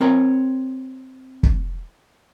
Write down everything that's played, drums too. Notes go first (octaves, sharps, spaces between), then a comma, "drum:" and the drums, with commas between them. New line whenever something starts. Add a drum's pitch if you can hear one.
C4 A#4 C#5 A#5
drum: kick